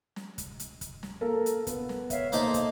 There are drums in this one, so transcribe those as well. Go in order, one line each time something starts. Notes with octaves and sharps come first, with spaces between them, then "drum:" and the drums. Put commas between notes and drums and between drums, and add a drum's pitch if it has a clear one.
drum: snare
drum: kick, hi-hat
drum: hi-hat
drum: kick, hi-hat
drum: snare
A#3 A4 A#4
drum: hi-hat
B3, drum: kick, hi-hat
drum: snare
C#5 E5 F5, drum: kick, hi-hat
A#3 D#4 A4 C5, drum: hi-hat
drum: kick, hi-hat